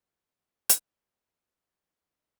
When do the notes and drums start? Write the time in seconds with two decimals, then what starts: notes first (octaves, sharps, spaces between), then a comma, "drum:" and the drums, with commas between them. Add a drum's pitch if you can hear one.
0.13 D#2 C#3 E4 C5
0.69 drum: hi-hat